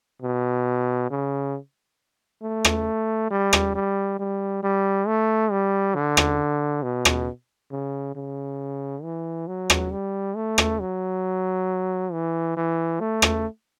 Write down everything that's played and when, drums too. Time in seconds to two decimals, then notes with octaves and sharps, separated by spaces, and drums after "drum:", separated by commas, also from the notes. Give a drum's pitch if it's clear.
0.22 B2
1.11 C#3
2.42 A3
2.65 drum: rim click
3.31 G3
3.53 drum: rim click
3.75 G3
4.19 G3
4.63 G3
5.07 A3
5.51 G3
5.95 D3
6.17 drum: rim click
6.83 B2
7.05 drum: rim click
7.71 C#3
8.16 C#3
9.03 E3
9.47 F#3
9.70 drum: rim click
9.92 G3
10.36 A3
10.58 drum: rim click
10.80 F#3
12.12 E3
12.56 E3
13.00 A3
13.22 drum: rim click